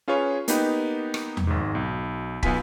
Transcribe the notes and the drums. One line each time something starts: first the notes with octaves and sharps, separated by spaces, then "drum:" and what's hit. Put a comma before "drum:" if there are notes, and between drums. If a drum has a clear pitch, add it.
C#4 F4 G#4 B4 C#5
A#3 B3 D#4 G4 B4, drum: hi-hat
drum: rim click
drum: tom E2
G#1 G#2
B1
B1 B3 F4 G#5 B6, drum: kick